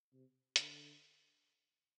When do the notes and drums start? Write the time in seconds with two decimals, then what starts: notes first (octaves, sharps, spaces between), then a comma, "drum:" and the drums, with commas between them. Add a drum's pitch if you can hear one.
0.13 C3
0.56 D3, drum: hi-hat